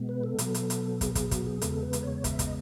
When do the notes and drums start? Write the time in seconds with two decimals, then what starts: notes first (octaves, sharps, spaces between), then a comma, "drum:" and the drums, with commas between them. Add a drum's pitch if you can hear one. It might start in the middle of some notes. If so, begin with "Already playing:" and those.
Already playing: B2 G#3 B3
0.09 B4
0.24 A4
0.38 B2 F#3 B3, drum: hi-hat
0.54 drum: hi-hat
0.70 drum: hi-hat
1.01 G#4, drum: kick, hi-hat
1.15 G#4, drum: kick, hi-hat
1.31 F#4, drum: kick, hi-hat
1.46 G#4
1.62 E2 C#3 G#3 B3 A4, drum: hi-hat
1.82 B4
1.93 drum: hi-hat
2.03 C#5
2.24 E5, drum: kick, hi-hat
2.39 D#5, drum: kick, hi-hat